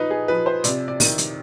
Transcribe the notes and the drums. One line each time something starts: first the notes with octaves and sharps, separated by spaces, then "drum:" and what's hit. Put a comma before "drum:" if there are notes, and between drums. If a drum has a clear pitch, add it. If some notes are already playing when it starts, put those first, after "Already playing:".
Already playing: F3 D#4 B4
G#4
F3 B4
C5
C3 D5, drum: hi-hat
D5
D#3, drum: open hi-hat
drum: hi-hat